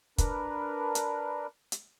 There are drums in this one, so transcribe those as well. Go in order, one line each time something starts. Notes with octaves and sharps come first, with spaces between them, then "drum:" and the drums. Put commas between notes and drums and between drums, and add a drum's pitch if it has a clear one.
D4 A#4 B4, drum: kick, hi-hat
drum: hi-hat
drum: hi-hat